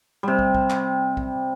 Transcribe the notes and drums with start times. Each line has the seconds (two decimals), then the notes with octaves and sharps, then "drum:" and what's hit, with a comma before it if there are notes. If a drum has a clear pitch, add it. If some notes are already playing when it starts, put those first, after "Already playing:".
0.23 C3 G3
0.39 drum: kick
0.55 drum: kick
0.70 drum: clap
1.17 drum: kick